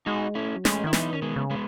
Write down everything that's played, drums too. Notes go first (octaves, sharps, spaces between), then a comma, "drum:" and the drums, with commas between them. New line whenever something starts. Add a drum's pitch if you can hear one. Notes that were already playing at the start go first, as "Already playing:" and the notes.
G#3 D#4 F#4
A3 C#4 E4
F#3
G#3 A3 C#4, drum: snare
D#3 E4
E3 B3 D#4, drum: snare
D#3 C#4
G#3 B3
C#3
G#3 B3